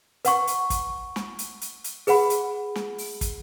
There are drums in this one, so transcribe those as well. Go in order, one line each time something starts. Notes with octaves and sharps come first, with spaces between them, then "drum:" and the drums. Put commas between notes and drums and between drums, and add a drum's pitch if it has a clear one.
B4 F#5 C#6, drum: hi-hat
drum: hi-hat
drum: kick, hi-hat
drum: snare
drum: hi-hat
drum: hi-hat
drum: hi-hat
G#4 B4 F#5 B5, drum: open hi-hat
drum: hi-hat
drum: snare
drum: open hi-hat
drum: kick, hi-hat